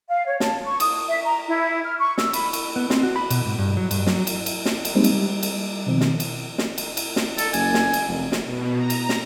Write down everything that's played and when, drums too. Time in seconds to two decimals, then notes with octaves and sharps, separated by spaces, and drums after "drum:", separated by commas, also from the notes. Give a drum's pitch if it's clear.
0.10 F5
0.26 C#5
0.40 A5, drum: snare
0.64 C#6
0.80 D#6, drum: cymbal
1.07 E5
1.26 A#5
1.48 E4
1.85 F6
1.99 C#6
2.18 E6, drum: snare
2.33 B5, drum: cymbal
2.53 drum: cymbal
2.76 B3
2.90 C4, drum: snare
3.03 F#4
3.16 B5
3.30 B2, drum: cymbal
3.45 G#2
3.58 G2
3.77 F#3
3.91 G2, drum: cymbal
4.07 F#3, drum: snare
4.27 drum: cymbal
4.46 drum: cymbal
4.65 drum: snare
4.85 drum: cymbal
4.95 G3 G#3 A#3 C4 D#4
5.04 drum: cymbal
5.14 G3
5.43 drum: cymbal
5.87 B2 D#3 F3 C4
6.01 drum: snare
6.20 drum: cymbal
6.58 drum: snare
6.78 drum: cymbal
6.97 drum: cymbal
7.16 drum: snare
7.38 A4, drum: cymbal
7.53 F#1 G#5, drum: cymbal
7.74 drum: snare
7.93 drum: cymbal
8.08 F1
8.32 drum: snare
8.45 B2
8.77 A#5
8.90 drum: cymbal
9.09 drum: snare